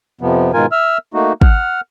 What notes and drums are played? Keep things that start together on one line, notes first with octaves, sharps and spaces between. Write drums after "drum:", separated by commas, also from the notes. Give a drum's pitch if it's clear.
F2 C3 F3 B3
G#2 B2 D#3 F4 A#4 G#5
E5 E6 F6
A3 A#3 D#4 F#4
F#5 F6, drum: kick